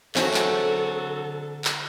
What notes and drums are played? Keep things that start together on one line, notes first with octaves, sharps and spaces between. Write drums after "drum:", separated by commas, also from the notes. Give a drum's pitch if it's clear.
D3 F#3 C4 F#4 G#4 A4 E5, drum: clap
drum: clap
drum: clap